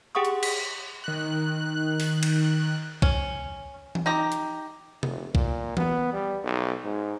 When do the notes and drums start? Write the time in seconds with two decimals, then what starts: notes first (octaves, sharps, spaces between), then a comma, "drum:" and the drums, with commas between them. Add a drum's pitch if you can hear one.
0.15 G4 G#4 F#5 G5 C#6 D#6
0.25 drum: hi-hat
0.43 B6, drum: cymbal
1.04 D#3 F#6
2.00 drum: open hi-hat
2.23 drum: cymbal
3.02 C#4, drum: kick B1
3.95 drum: tom E3
4.06 D#4 G4 A#5
4.32 drum: hi-hat
5.03 F1, drum: tom C3
5.35 A#2, drum: kick B1
5.77 B3, drum: tom E3
6.13 G3
6.43 B1
6.85 G#2